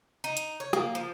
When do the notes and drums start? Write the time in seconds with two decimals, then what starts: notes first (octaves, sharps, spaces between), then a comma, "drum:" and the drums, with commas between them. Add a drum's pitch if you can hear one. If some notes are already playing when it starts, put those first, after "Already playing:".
0.24 D#4
0.37 drum: hi-hat
0.60 C#5
0.73 A#3, drum: rim click
0.95 F3